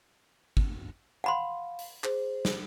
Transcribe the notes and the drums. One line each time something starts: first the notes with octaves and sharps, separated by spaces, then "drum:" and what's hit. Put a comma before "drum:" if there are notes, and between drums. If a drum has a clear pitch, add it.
drum: kick
F5 F#5 B5 C6
drum: open hi-hat
G#4 C5, drum: clap
drum: snare